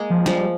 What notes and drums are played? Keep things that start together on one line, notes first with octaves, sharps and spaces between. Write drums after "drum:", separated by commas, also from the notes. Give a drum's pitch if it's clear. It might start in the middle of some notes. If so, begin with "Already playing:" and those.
Already playing: G#3 A#3
F3
F3 G3, drum: snare